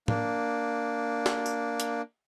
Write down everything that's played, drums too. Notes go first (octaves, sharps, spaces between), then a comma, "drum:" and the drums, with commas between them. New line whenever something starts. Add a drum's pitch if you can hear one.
A#3 D4, drum: tom
drum: snare
drum: tambourine
drum: hi-hat